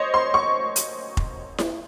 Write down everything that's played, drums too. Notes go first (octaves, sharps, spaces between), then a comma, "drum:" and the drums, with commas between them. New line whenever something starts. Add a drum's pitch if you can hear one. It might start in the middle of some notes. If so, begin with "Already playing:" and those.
Already playing: C5 C#5 D#5
C6
C#6
drum: hi-hat
drum: kick F1
drum: snare E4